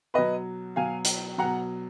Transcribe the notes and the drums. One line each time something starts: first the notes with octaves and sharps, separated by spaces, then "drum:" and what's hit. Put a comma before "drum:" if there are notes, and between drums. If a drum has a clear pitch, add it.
B2 F#3 B4 D#5
B2 F#3 F5 G#5
drum: hi-hat
B2 F#3 F#5 A#5